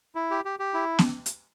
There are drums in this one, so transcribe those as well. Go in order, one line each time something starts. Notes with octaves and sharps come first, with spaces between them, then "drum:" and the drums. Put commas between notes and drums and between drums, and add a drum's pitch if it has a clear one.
E4
G4
G4
G4
E4
drum: snare
drum: hi-hat